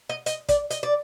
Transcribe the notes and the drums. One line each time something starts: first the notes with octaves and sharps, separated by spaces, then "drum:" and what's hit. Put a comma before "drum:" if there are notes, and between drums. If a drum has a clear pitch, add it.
D#5
D#5, drum: hi-hat
D5, drum: kick, hi-hat
D#5, drum: hi-hat
D5